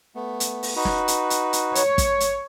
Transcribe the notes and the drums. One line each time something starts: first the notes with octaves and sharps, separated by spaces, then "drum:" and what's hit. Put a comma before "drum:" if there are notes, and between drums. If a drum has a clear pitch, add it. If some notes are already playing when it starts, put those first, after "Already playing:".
A3 B3
drum: hi-hat
drum: open hi-hat
D#4 F#4 B4
drum: snare
drum: hi-hat
drum: hi-hat
drum: hi-hat
C#5, drum: hi-hat
drum: kick, hi-hat
drum: hi-hat